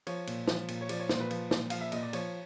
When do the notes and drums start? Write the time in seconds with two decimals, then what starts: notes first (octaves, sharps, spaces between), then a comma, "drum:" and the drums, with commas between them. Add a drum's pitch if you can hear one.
0.07 F3 C#5, drum: cymbal
0.27 A#2, drum: cymbal
0.48 F3, drum: snare
0.69 A#2, drum: cymbal
0.81 C#5
0.89 F3 D5, drum: cymbal
1.00 C#5
1.09 A#2 C5, drum: snare
1.20 B4
1.31 F3, drum: cymbal
1.51 A#2, drum: snare
1.70 F3 F5, drum: cymbal
1.81 E5
1.92 A#2 D#5, drum: cymbal
2.02 D5
2.13 F3 C#5, drum: cymbal